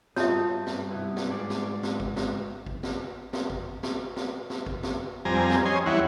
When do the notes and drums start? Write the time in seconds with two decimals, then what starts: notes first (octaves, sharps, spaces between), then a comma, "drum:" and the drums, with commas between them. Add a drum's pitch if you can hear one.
0.16 G2 F4 C#5 D#5 E5 A5, drum: snare
0.66 drum: snare
0.91 C3 B3 E4
1.16 drum: snare
1.30 G#2 G#4 D5
1.50 drum: snare
1.83 drum: snare
2.00 drum: kick G#1
2.16 drum: snare
2.66 drum: kick G#1
2.83 drum: snare
3.33 drum: snare
3.50 drum: kick G#1
3.83 drum: snare
4.16 drum: snare
4.50 drum: snare
4.66 drum: kick G#1
4.83 drum: snare
5.25 F2 G3 C4 G#5 A#5
5.50 drum: snare
5.65 C#4 D#5 G#5 C6
5.86 E2 G3 E4 C#5 F#5